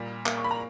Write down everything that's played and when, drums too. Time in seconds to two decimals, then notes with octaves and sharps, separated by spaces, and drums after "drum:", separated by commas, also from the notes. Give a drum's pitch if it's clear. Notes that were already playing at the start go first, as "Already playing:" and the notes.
Already playing: A#2 G3
0.26 A#3, drum: clap
0.37 C#6
0.44 B5
0.51 A#5